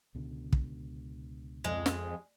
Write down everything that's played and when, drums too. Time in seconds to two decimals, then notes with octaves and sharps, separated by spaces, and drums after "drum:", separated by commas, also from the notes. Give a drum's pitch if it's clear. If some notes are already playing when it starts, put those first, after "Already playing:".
0.15 C#2 B2 D3
0.53 drum: kick
1.64 F2 G#3
1.86 drum: snare